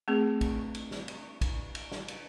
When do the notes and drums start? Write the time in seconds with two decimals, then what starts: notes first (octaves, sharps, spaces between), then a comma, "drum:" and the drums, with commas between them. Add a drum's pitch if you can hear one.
0.08 A3 C4 G#4
0.41 drum: kick, cymbal
0.75 drum: cymbal
0.91 drum: snare
1.08 drum: cymbal
1.41 drum: kick, cymbal
1.75 drum: cymbal
1.92 drum: snare
2.08 drum: cymbal